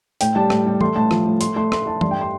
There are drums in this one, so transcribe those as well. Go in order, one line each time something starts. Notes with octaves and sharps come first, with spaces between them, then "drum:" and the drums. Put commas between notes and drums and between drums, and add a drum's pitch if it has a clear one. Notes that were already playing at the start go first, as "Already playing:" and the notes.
A2 G5, drum: hi-hat
G3 A5
A2, drum: rim click
G3
A3 C6, drum: tom E3
A2 A5
F3, drum: rim click
A2
A3 C6, drum: hi-hat
A3 C6
A3 C6, drum: rim click
A3 A5
G2 C6, drum: tom E3
G5
G3 C6